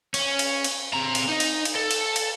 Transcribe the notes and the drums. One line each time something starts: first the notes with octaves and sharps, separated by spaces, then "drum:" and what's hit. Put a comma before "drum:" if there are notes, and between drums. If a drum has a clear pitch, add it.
C#4, drum: cymbal
drum: cymbal
drum: cymbal
C4 A#5
drum: cymbal
D#4 D#5
drum: cymbal
drum: cymbal
A4
drum: cymbal
drum: cymbal